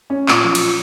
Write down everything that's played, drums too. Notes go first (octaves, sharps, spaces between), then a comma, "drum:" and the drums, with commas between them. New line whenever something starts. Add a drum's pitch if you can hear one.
C#4
A#2, drum: clap
F3
drum: cymbal